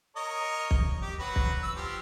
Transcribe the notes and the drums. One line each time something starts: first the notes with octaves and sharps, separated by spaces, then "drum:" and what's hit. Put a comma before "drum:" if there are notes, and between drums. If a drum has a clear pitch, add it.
A#4 C#5 D#5
drum: kick
G4
F#3 F#4 B4
drum: kick
E6
F3 G4